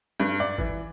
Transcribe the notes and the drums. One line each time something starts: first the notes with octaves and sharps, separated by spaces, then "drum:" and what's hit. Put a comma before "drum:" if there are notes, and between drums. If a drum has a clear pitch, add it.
G2
D5
E3, drum: kick